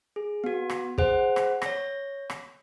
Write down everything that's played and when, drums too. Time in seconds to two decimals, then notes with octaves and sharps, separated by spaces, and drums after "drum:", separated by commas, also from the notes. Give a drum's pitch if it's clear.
0.16 G#4
0.44 B3 F#4
0.70 drum: rim click
0.98 G#4 C5 F#5, drum: kick
1.36 drum: rim click
1.62 C#5 A#6, drum: rim click
2.30 drum: rim click